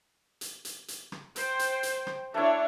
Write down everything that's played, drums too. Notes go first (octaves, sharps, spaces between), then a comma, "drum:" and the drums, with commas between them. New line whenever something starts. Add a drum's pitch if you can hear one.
drum: hi-hat
drum: hi-hat
drum: hi-hat
drum: rim click
C5 G5, drum: hi-hat
drum: hi-hat
drum: hi-hat
drum: rim click
A3 D4 E4 C#5